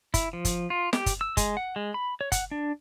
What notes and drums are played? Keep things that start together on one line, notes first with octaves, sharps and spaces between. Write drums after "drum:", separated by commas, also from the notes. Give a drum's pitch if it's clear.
E4, drum: kick, hi-hat
F3
drum: kick, hi-hat
F4
G4, drum: snare
drum: kick, hi-hat
E6
G#3, drum: kick, hi-hat
F#5
G#3
B5
C#5
F#5, drum: kick, hi-hat
D4